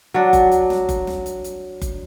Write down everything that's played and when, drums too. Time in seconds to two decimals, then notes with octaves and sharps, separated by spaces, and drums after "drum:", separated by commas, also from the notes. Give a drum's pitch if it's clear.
0.14 F#3 D4
0.33 drum: kick F#1, hi-hat
0.52 drum: hi-hat
0.70 drum: snare
0.89 drum: kick F#1, hi-hat
1.07 drum: snare
1.26 drum: hi-hat
1.44 drum: hi-hat
1.82 drum: kick F#1, hi-hat